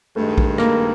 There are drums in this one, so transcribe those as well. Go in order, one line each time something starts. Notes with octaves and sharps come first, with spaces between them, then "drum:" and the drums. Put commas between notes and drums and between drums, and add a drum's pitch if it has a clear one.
G2 D#3 G#3 A3
drum: kick A#1
A#3, drum: rim click